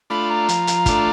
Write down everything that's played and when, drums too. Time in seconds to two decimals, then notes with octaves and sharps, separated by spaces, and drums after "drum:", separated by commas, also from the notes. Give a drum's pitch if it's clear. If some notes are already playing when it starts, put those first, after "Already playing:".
0.10 A3 D4 F4 B5
0.29 A#5
0.49 F3, drum: hi-hat
0.67 drum: hi-hat
0.86 A3 D4 F4, drum: kick, hi-hat